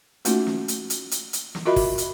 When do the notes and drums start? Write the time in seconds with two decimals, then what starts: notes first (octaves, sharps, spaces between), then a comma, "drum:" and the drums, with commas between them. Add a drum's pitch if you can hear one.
0.25 A3 A#3 C#4 D#4 F4 F#4, drum: hi-hat
0.47 drum: snare
0.68 drum: hi-hat
0.90 drum: hi-hat
1.11 drum: hi-hat
1.33 drum: hi-hat
1.55 drum: snare
1.66 F4 F#4 A#4 D#5 E5 B5
1.76 drum: kick, open hi-hat
1.98 drum: hi-hat